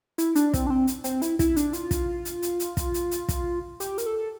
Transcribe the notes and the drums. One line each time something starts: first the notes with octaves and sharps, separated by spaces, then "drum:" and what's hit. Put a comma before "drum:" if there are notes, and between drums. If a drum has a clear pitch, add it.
E4, drum: hi-hat
D4, drum: hi-hat
C4, drum: kick, hi-hat
D4
C4
drum: hi-hat
C4, drum: hi-hat
E4, drum: hi-hat
E4, drum: kick, hi-hat
D4, drum: hi-hat
F4, drum: hi-hat
drum: kick, hi-hat
drum: hi-hat
drum: hi-hat
drum: hi-hat
drum: kick, hi-hat
drum: hi-hat
drum: hi-hat
drum: kick, hi-hat
G4, drum: hi-hat
A#4, drum: hi-hat
A4